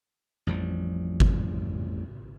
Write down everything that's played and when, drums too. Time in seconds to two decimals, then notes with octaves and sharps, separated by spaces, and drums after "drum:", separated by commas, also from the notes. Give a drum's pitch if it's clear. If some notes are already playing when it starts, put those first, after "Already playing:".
0.47 A1 F2 F3 G3
1.20 drum: kick G1